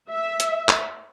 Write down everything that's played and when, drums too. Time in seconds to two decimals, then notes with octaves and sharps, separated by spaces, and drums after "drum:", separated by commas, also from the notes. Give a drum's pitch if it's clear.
0.11 E5
0.40 drum: hi-hat
0.69 drum: clap